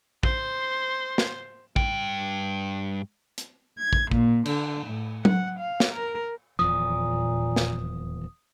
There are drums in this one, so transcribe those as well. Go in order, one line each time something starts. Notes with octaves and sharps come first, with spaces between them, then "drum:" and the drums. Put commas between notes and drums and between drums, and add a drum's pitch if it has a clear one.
C5 C6, drum: kick
drum: snare
G2 G5, drum: kick
drum: hi-hat
G#6
drum: kick
A#2, drum: kick
D3, drum: cymbal
A2
F#5, drum: tom F#3
F5
drum: snare
A#4
D#1 E2 A#2 F3 D#6
drum: snare